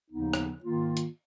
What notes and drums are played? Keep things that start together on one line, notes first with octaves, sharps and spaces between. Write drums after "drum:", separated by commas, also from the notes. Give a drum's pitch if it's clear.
D#2 C#3 F3 B3 D#4
drum: rim click
G#2 D#3 A#3 F4
drum: hi-hat